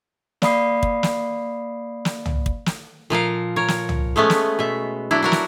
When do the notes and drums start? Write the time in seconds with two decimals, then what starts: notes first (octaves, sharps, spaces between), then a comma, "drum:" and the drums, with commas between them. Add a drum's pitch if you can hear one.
0.42 A#3 D5 F5 B5 D#6 C7, drum: snare
0.83 drum: kick
1.03 drum: snare
2.05 drum: snare
2.25 drum: tom
2.46 drum: kick
2.66 drum: snare
3.10 A#2 F3 A#4 F5
3.56 A#4 C#5
3.68 drum: snare
3.89 drum: tom
4.16 G#3 A3 B3 C#4
4.30 drum: snare
4.59 B2 E5
5.11 F#3 D4 E4
5.22 D4 F#4 A#4
5.32 drum: snare